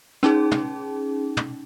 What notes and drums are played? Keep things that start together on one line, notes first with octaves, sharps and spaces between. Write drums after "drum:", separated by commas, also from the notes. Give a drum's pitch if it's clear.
C#4 D#4 G#4, drum: rim click
drum: tom
drum: tom